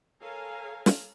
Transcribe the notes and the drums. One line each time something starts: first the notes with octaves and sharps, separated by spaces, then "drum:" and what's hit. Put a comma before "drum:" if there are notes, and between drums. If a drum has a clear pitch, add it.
A4 A#4 C#5 F5 G#5 A#5
drum: snare